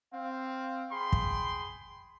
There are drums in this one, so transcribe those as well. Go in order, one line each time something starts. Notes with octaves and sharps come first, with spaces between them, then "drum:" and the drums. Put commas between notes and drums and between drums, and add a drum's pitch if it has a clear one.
C4 F5
G#4 G5 B5 C6
drum: kick